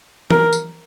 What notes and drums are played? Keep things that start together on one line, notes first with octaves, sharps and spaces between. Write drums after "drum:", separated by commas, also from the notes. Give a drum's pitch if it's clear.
A#4, drum: tom E3
drum: tambourine